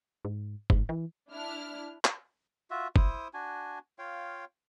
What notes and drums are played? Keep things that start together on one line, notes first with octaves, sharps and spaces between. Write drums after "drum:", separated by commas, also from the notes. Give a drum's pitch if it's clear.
G#2
G#2, drum: kick
E3
D4 E4 F6
drum: clap
F4 F#4 E5
E4 C5 D#6, drum: kick
D4 F#4 G#5
F4 C#5 F5 G5